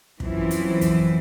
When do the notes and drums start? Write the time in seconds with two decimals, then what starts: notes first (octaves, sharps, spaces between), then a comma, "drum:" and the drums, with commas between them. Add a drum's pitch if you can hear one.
0.20 F#2 E3 F3 C4 E4, drum: kick
0.51 drum: hi-hat
0.81 drum: kick, hi-hat